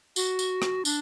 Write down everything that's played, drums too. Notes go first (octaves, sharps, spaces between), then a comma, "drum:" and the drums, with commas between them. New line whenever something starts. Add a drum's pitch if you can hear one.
F#4, drum: tambourine
drum: tambourine
drum: rim click
D4, drum: tambourine